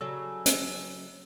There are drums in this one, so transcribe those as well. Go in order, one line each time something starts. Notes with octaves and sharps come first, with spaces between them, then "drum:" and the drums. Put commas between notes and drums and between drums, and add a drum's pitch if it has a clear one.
C#3 F#3 A4 E6
drum: hi-hat